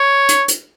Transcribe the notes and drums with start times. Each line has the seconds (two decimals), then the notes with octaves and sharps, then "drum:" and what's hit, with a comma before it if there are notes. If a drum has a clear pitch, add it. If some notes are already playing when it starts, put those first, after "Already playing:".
Already playing: C#5
0.29 drum: hi-hat
0.48 drum: hi-hat